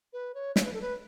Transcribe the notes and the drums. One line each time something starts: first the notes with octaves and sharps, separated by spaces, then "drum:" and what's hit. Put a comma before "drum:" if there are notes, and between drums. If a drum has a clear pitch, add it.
B4
C#5
C#5, drum: snare
B4
A4
B4